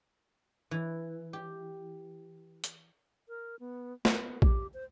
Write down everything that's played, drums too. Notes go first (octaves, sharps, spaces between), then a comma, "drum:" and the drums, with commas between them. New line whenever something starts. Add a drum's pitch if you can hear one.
E3
G4
drum: hi-hat
A#4
B3
B3, drum: snare
G4, drum: kick A#1
C5